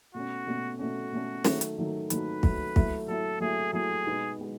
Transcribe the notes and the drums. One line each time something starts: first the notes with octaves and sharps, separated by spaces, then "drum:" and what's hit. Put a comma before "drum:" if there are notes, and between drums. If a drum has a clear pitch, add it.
B2 A3 C#4 F#4
B2 A3 C#4
B2 A3 C#4 F#4
B2 A3 C#4
D#3 F#3 A3, drum: snare
drum: hi-hat
D#3 F#3 A3
D#3 F#3 A3 B4, drum: hi-hat
D#3 F#3 A3, drum: kick
F#3 A3 E4, drum: kick
F#3 A3 E4 A4
F#3 A3 E4 G#4
F#3 A3 E4 G#4
B2 G#3 B3 D#4
B2 G#3 B3